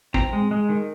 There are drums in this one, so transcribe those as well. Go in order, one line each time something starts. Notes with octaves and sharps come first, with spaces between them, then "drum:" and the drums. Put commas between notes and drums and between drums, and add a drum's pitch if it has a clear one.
C4 A#5, drum: kick
G#3
G#3
D#3